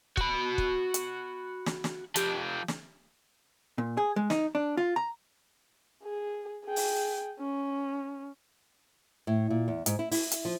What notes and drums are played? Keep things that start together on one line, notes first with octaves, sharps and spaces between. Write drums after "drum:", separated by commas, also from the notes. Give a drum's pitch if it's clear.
F#4 B5, drum: kick
drum: kick
drum: hi-hat
drum: snare
drum: snare
F3 G4, drum: hi-hat
drum: snare
A#2
G#4
G#3
D#4, drum: snare
D4
F4
A#5
G#4
G#4 G5
drum: open hi-hat
C#4
A2
A#2
E2
G#2, drum: hi-hat
E4
E4, drum: open hi-hat
drum: hi-hat
F3